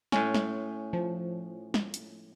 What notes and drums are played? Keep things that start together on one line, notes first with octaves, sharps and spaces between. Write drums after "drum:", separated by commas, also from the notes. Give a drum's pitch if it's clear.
A2 C#4 G#5, drum: snare
drum: snare
F3
drum: snare
drum: hi-hat